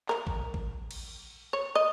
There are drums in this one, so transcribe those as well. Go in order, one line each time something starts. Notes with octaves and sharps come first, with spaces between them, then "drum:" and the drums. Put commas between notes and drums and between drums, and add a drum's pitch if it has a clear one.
A#4, drum: clap
drum: kick A1
drum: kick A1
drum: cymbal
C#5
D#5